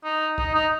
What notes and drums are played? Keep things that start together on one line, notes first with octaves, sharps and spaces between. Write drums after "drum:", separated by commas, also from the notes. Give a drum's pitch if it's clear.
D#4
D#4, drum: kick
D#4